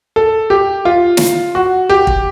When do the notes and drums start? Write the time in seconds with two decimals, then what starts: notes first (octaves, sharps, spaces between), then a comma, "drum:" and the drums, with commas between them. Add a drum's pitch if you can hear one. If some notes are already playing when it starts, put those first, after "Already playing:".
0.16 A4
0.50 G4
0.85 F4
1.17 drum: snare
1.55 F#4
1.90 G4
2.07 drum: kick